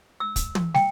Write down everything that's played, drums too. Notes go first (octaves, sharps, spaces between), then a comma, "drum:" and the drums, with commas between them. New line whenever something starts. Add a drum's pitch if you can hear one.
E6
drum: kick, hi-hat
drum: tom
G5, drum: snare